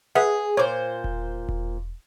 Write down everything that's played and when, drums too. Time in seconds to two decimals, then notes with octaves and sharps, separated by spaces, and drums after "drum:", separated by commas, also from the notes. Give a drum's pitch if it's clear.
0.15 G#4 B4 E5 F#5
0.57 A#2 C5 C#5 D6
1.04 drum: kick E1
1.49 drum: kick E1